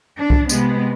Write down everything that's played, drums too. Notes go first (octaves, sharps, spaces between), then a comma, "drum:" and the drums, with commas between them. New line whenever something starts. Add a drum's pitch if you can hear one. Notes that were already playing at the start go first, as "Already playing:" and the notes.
D4
drum: kick C2
C3 G#3 B3, drum: tambourine